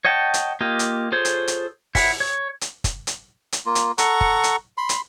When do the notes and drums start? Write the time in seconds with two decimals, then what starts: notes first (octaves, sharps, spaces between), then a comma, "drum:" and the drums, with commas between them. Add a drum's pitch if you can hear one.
0.05 C#5 D#5 F#5 G5 A5
0.34 drum: hi-hat
0.61 A#3 F4 G4 D#5
0.79 drum: hi-hat
1.12 F4 G#4 A4 C5 C#5
1.25 drum: hi-hat
1.48 drum: hi-hat
1.95 E4 F#5, drum: kick, open hi-hat
2.20 C#5
2.61 drum: hi-hat
2.84 drum: kick, hi-hat
3.07 drum: hi-hat
3.52 drum: hi-hat
3.66 A#3 F4
3.75 drum: hi-hat
3.98 A4 F#5 A#5 C#6, drum: hi-hat
4.21 drum: kick
4.44 drum: hi-hat
4.78 B5 C6
4.89 drum: hi-hat